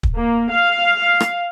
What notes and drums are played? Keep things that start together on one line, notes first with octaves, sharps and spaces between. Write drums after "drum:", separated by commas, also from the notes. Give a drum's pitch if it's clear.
drum: kick
A#3
F5
drum: rim click